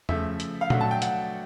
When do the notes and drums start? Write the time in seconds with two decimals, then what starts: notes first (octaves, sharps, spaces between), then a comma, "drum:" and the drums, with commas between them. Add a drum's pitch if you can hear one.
0.09 C#3 F3 A3 E5, drum: tom E2
0.40 drum: hi-hat
0.61 F5
0.70 F#3 A3 D4 F#5, drum: tom A#2
0.81 A5
0.91 G5
1.02 F#5, drum: hi-hat